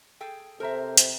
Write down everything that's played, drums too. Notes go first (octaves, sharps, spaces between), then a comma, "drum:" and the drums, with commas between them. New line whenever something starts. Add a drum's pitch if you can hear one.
G#4 A4 G5
C3 A4 A#4 C5 E5 A#5
drum: hi-hat